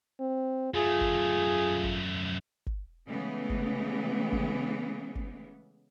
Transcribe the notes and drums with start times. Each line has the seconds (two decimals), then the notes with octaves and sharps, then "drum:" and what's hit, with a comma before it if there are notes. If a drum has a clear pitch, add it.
0.20 C4
0.74 F#2 A3 F4 G#4
1.01 drum: kick G1
1.84 drum: kick G1
2.67 drum: kick G1
3.08 C#3 E3 G#3 A3 B3
3.49 drum: kick G1
4.32 drum: kick G1
5.15 drum: kick G1